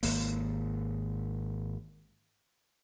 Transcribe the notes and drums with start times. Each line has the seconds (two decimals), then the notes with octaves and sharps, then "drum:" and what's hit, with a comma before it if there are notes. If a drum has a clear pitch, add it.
0.03 G#1 A#3, drum: open hi-hat